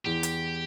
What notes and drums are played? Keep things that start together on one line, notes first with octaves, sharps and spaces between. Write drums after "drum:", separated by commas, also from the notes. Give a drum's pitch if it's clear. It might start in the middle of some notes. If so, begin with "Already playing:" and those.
E2 G4
drum: hi-hat